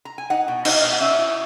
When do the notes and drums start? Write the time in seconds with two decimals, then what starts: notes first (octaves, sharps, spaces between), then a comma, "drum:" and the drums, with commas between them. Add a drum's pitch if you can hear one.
0.05 A#5
0.18 G#5
0.30 D#4 F#5
0.48 B2
0.65 D#4 D#5, drum: cymbal
0.83 B2
0.93 F#5
1.00 C#4 E5
1.19 E4